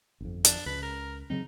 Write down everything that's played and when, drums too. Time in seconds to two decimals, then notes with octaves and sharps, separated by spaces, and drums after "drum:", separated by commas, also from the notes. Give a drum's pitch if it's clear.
0.20 G1 F2
0.45 D4, drum: hi-hat
0.66 C#2 B4
0.83 A#4
1.30 C#3 F#3 C4 D#4